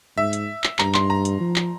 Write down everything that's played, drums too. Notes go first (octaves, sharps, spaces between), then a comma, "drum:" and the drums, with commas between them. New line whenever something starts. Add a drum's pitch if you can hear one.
G#2 E5
drum: hi-hat
drum: clap
G2 A#5, drum: clap
C6, drum: clap
A#5
drum: hi-hat
F3
drum: clap